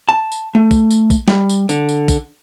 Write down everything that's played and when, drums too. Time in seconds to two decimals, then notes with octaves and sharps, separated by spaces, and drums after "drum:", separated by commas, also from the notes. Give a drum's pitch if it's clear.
0.09 A5
0.32 drum: tambourine
0.55 A3
0.71 drum: kick, tambourine
0.91 drum: tambourine
1.10 drum: kick, tambourine
1.28 G3, drum: snare
1.49 drum: tambourine
1.69 D3, drum: tambourine
1.89 drum: tambourine
2.08 drum: kick, tambourine